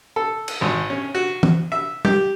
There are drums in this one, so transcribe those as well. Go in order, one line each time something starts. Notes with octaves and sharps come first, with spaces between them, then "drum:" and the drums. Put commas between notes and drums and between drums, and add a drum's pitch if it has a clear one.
A4
drum: cymbal
G#1
C#4
F#4
drum: tom E3
E5
G4, drum: tom